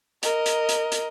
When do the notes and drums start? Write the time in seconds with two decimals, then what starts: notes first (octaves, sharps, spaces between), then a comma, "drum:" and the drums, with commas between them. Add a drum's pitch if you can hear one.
0.23 A#4 D#5, drum: hi-hat
0.46 drum: hi-hat
0.69 drum: hi-hat
0.92 drum: hi-hat